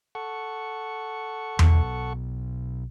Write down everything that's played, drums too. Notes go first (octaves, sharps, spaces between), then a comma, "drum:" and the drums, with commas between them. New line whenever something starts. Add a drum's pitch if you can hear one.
A4 F#5 C#6
B1, drum: tom E2